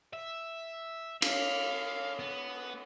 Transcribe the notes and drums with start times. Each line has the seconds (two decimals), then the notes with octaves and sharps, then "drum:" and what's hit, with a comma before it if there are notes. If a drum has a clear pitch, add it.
0.13 E5
1.22 F5, drum: cymbal
2.19 B3